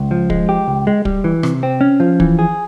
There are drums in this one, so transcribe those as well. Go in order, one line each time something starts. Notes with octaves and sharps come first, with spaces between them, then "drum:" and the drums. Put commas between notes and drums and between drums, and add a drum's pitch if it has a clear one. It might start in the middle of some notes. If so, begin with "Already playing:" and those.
Already playing: C#2
F3
G#3, drum: kick
G4
C#2
G#3
G3, drum: kick
E3
C3, drum: rim click
C4
C#4
F3
E3, drum: kick
G#4